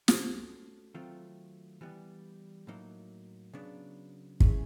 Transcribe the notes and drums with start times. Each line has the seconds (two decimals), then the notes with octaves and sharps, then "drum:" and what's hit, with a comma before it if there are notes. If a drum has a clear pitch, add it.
0.08 A3 C#4 F#4 A4 C5, drum: snare
0.94 D#3 F#3 A3 C4 F4
1.81 E3 G3 B3
2.67 A2 F#3 A#3 D#4
3.53 C#3 F#3 B3 D4
4.40 G#3 C#4 E4 G#4 B4, drum: kick